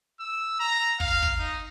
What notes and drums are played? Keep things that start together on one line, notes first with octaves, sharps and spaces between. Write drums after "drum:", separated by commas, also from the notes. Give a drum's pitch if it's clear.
E6
A#5
F5, drum: kick
drum: kick
D#4